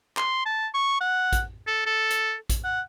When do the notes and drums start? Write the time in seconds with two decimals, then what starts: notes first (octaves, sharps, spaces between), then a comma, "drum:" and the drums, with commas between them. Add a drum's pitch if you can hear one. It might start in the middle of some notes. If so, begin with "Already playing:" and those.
0.17 C6, drum: clap
0.46 A5
0.74 C#6
1.01 F#5
1.33 drum: kick A1, hi-hat
1.67 A4
1.86 A4
2.11 drum: hi-hat
2.49 drum: kick A1, hi-hat
2.64 F#5